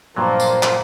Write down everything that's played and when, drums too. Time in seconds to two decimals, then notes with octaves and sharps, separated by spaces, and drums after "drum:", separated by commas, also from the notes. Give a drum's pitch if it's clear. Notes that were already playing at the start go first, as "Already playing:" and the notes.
0.16 G2 A#2 F3 F#3 A#3 F4
0.40 drum: tambourine
0.63 drum: clap